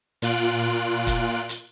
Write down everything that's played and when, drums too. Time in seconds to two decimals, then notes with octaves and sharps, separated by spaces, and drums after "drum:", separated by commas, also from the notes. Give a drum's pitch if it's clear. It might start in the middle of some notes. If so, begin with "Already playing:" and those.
0.22 A#2 F4 F#6 D7, drum: hi-hat
1.07 drum: kick, hi-hat
1.49 drum: hi-hat